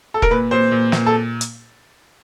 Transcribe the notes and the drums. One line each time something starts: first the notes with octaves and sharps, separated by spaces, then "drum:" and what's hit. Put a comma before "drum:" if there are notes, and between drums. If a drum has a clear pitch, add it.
A4
A#4, drum: kick E1
A#2 B4
A#2 C5
A#2
A#2, drum: snare
A4
drum: hi-hat